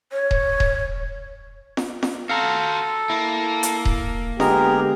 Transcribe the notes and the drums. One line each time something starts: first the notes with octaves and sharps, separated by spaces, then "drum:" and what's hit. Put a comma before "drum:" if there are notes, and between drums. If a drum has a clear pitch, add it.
C#5
drum: kick D#1
drum: kick D#1
drum: snare F4
drum: snare F4
F#4 A4 C5 F5 A#5
A#3 E4
drum: hi-hat
drum: kick D#1
D3 G#3 B3 G4 G#4 A#4 A#5, drum: snare F4